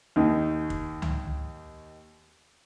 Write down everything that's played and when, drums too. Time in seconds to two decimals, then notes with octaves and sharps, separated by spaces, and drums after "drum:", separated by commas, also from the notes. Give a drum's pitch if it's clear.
0.16 D#2 D#3
0.70 drum: kick
1.02 drum: tom C#2